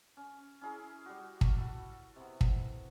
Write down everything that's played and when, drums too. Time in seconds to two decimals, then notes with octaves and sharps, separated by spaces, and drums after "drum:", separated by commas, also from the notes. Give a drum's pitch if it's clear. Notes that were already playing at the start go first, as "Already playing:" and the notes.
0.17 C#4
0.61 C#4 E4 G#4 A#4
1.06 G3 F#4
1.41 drum: kick
1.58 F#4 A4
2.16 C3 B3
2.41 drum: kick